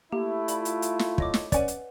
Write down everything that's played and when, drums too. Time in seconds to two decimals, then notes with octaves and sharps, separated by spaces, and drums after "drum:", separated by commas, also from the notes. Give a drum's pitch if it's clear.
0.12 A3 A#3 E4 G4
0.48 F4 D5 B5, drum: hi-hat
0.65 drum: hi-hat
0.82 drum: hi-hat
0.99 drum: snare
1.18 C#5 D#5 D6, drum: kick
1.34 drum: snare
1.52 C#4 B4 D5 F#5 G#5, drum: kick, hi-hat
1.68 drum: hi-hat